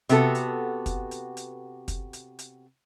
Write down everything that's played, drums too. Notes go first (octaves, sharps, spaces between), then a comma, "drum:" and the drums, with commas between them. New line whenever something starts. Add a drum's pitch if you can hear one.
C3 B3 F#4 A4, drum: hi-hat
drum: hi-hat
drum: kick, hi-hat
drum: hi-hat
drum: hi-hat
drum: kick, hi-hat
drum: hi-hat
drum: hi-hat